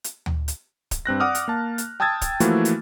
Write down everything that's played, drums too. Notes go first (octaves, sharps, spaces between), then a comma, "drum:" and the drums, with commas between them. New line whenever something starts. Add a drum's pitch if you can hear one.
drum: hi-hat
drum: tom D2
drum: hi-hat
drum: kick, hi-hat
G2 C4 F#6 A#6
D5 F#5 D6 D#6 F6
drum: hi-hat
A#3 A5
drum: hi-hat
G5 A5 D#6 E6 G#6 A6
drum: kick, hi-hat
E3 F3 A3 A#3 E4 F#4, drum: hi-hat
drum: hi-hat